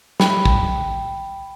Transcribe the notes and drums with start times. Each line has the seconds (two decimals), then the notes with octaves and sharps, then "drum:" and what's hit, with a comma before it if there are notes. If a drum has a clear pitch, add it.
0.20 G5 B5, drum: snare
0.45 drum: kick